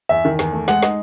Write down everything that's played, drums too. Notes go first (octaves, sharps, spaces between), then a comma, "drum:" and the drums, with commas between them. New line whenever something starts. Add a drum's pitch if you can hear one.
E2 E5
D#3
E2, drum: snare
A3
G#3 F#5, drum: snare
D#4, drum: snare